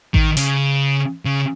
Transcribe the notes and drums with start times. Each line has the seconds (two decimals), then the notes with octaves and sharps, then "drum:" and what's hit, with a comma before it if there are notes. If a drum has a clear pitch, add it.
0.14 D#3, drum: kick A1
0.37 C#3, drum: hi-hat
1.25 C#3